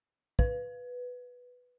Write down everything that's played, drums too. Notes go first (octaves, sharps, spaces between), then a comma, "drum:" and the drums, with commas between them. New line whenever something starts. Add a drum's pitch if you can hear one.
B4, drum: kick